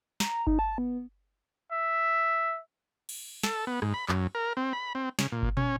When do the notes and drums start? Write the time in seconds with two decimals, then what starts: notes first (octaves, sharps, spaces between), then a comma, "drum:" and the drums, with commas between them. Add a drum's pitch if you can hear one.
0.20 A#5, drum: snare
0.47 D#4, drum: kick G1
0.59 A5
0.78 B3
1.72 E5
3.09 drum: cymbal
3.43 A4, drum: snare
3.67 B3
3.82 G#2, drum: rim click
3.94 B5
4.09 F#2, drum: clap
4.35 A#4
4.57 C4
4.73 B5
4.95 C4
5.19 C#3, drum: snare
5.32 A#2
5.43 drum: kick G1
5.57 C#4, drum: tom